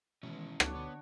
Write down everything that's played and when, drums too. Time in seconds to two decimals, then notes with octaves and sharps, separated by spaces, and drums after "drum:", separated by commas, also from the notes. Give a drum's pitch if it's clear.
0.23 B2 D#3 E3 G#3 C#4 E4
0.60 D4 F#4 C#5 D6, drum: rim click
0.75 D3 B3